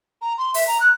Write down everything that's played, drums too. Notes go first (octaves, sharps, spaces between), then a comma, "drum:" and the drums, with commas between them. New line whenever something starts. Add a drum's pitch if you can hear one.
A#5
C6
E5, drum: open hi-hat
A#5
F#6